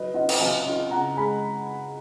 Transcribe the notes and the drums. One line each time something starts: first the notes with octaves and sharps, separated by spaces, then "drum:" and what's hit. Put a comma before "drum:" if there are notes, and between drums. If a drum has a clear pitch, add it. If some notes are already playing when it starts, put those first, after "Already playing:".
Already playing: F#3 B4 D#5
C#4 F4 D#5 F#5
drum: cymbal
F#3 F5 G#5
C#4 F4
C#3 F#5 A#5
G#3 G#5 B5